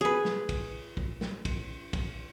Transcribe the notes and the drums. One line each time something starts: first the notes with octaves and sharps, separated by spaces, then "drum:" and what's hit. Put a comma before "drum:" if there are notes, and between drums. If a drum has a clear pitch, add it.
G#4 B4
drum: snare
drum: kick, cymbal
drum: kick
drum: snare
drum: kick, cymbal
drum: kick, cymbal